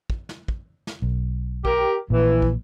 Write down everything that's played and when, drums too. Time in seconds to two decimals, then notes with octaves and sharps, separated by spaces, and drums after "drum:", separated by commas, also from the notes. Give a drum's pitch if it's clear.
0.10 drum: kick
0.29 drum: snare
0.48 drum: kick
0.87 drum: snare
1.02 B1
1.65 G4 A#4, drum: kick
2.10 A#1 A#2 E3
2.42 drum: kick